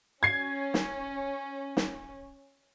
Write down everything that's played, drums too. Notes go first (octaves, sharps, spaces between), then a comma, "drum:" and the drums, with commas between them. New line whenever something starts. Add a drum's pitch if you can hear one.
C#4 G#6 C7
drum: snare
drum: snare